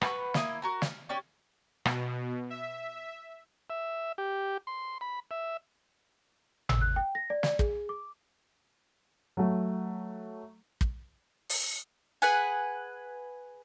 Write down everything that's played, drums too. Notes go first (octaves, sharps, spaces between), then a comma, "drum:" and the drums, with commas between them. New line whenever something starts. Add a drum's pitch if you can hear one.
B4 F#5 A5 C#6, drum: rim click
A#3 E4 D#6, drum: snare
F#4 A#4 A#5
F6, drum: snare
C#4 G4 C#5 D5
B2, drum: rim click
E5
E5
G4
C6
B5
E5
E6, drum: tom G#1
F#6
G5
A#6
D5
D5, drum: snare
G#4, drum: kick
D6
F#3 A3
drum: kick
drum: open hi-hat
G#4 B4 F#5 G#5